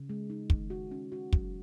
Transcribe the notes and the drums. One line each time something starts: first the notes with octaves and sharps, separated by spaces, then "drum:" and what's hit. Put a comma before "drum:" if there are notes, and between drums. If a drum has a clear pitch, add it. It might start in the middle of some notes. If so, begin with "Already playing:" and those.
Already playing: C#3
G#3
D#4
D#3, drum: kick
F#4
C#4
F#4
F#3, drum: kick